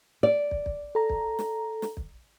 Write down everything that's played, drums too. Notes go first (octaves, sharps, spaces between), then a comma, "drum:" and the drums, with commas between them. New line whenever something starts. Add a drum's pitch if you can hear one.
D5
drum: kick
drum: kick
A4 A#5
drum: kick
drum: snare
drum: snare
drum: kick